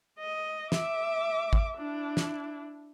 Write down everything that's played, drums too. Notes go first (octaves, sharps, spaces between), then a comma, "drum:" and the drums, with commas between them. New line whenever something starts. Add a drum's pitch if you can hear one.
D#5
E5 D6, drum: snare
drum: kick
D4 E4
drum: snare